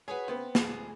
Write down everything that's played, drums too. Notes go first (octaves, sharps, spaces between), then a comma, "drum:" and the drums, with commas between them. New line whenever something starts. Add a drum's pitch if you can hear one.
F#4 G#4 B4 C#5
C#3 B3 C4
D2 G#2 G#4, drum: snare